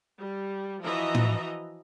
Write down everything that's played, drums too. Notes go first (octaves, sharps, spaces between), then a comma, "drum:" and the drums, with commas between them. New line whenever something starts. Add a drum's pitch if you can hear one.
G3
E3 F3 F#4 D#5 E5 A#5
drum: tom A2